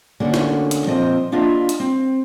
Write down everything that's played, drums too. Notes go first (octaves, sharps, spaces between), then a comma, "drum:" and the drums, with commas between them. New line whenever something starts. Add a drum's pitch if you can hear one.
D2 D3 A#3 C#4 F#4
drum: snare
drum: hi-hat
A#2 F3 C4 C5 D#5
A#3 D4 F4 D#5 E5
drum: hi-hat
C4